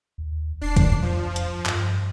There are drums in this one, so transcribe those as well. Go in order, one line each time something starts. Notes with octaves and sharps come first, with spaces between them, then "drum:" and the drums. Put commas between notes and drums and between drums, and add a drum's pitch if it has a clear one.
D#2
E1 D4 C7
drum: kick C2, hi-hat
F2 F3
drum: hi-hat
G2, drum: clap